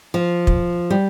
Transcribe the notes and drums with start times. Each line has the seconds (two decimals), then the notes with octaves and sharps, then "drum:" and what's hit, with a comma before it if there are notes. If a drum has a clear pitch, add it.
0.14 F3
0.47 drum: kick
0.90 G3